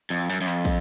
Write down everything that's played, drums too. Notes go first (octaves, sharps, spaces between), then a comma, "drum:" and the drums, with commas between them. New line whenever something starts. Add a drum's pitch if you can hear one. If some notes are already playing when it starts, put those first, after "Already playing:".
F2
F#2
F#2
F2, drum: clap
drum: kick, cymbal